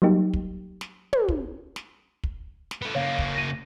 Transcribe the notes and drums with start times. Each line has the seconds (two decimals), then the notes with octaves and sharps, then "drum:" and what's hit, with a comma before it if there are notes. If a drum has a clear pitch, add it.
0.02 F#3 G3 A#3 D#4 G4
0.34 drum: kick
0.81 drum: snare
1.13 drum: tom
1.29 drum: kick
1.76 drum: snare
2.24 drum: kick
2.71 drum: snare
2.82 B3 A4
2.95 C#3 A#3 C#5 F5
3.19 drum: kick
3.35 A#6 D#7